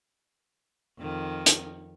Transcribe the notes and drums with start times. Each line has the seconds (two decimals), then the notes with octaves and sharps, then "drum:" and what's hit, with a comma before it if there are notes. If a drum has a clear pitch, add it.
0.99 F2 D#3
1.46 drum: hi-hat